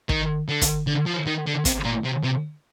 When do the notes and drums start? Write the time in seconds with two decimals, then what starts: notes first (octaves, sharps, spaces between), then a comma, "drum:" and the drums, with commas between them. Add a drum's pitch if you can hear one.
0.09 D#3, drum: kick
0.49 D3
0.61 drum: kick, hi-hat
0.87 D3
1.06 F3
1.26 D#3
1.46 D3
1.65 C3, drum: kick, hi-hat
1.84 A#2
2.04 C3
2.23 C3